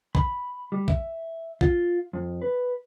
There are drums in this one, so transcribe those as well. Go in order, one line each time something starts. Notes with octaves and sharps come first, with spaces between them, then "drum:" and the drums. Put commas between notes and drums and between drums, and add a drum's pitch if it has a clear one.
B5, drum: kick
G3
E5, drum: kick
F4, drum: kick
F2
B4